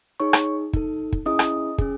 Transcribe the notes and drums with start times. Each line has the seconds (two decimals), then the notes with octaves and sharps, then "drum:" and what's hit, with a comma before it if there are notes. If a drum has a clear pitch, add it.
0.20 D#4 G#4 C#5 C#6
0.33 drum: rim click
0.73 D#4 A4, drum: kick
1.12 drum: kick
1.26 C#4 E4 G#4 D#5 D#6
1.39 drum: rim click
1.78 C#4 G#4, drum: kick